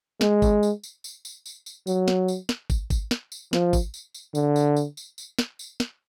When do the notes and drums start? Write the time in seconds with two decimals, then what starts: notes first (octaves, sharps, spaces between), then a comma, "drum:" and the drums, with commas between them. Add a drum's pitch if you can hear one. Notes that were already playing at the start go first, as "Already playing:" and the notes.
0.21 G#3, drum: snare
0.42 drum: kick, tambourine
0.63 drum: tambourine
0.84 drum: tambourine
1.04 drum: tambourine
1.25 drum: tambourine
1.46 drum: tambourine
1.66 drum: tambourine
1.87 F#3, drum: tambourine
2.08 drum: snare
2.28 drum: tambourine
2.49 drum: snare
2.70 drum: kick, tambourine
2.90 drum: kick, tambourine
3.11 drum: snare
3.32 drum: tambourine
3.53 F3, drum: snare
3.73 drum: kick, tambourine
3.94 drum: tambourine
4.14 drum: tambourine
4.35 D3, drum: tambourine
4.56 drum: tambourine
4.77 drum: tambourine
4.97 drum: tambourine
5.18 drum: tambourine
5.39 drum: snare
5.59 drum: tambourine
5.80 drum: snare